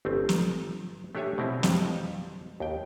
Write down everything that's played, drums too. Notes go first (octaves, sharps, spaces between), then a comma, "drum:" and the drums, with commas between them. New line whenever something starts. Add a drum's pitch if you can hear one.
G1 A3 C4
drum: snare
A3 D4 G4 C#5 E5 G#5
B2 C4 E4
F2 G3 B4, drum: snare
D#2 G5